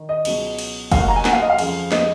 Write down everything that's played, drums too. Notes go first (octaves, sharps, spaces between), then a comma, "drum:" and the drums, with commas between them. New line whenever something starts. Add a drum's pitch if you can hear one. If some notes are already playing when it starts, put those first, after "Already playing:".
Already playing: D#3
D#5
C#2 B2 F#3, drum: cymbal
drum: cymbal
D#2 D#3 F#3 F5, drum: kick, cymbal
F#5
A#5
G#5
F#5, drum: snare
F5
D#5
F5
F2 C#3 F3, drum: cymbal
D#5, drum: snare